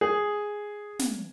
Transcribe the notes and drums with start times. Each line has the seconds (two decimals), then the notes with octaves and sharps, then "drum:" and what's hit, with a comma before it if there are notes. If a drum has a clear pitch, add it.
0.01 G#4
0.99 drum: snare